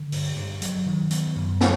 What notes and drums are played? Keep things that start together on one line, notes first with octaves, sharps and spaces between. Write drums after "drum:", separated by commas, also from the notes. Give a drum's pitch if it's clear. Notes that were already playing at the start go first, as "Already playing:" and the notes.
Already playing: D3
G2, drum: open hi-hat
G2
F#3, drum: hi-hat
D#3
B3, drum: hi-hat
F#2
F#3, drum: snare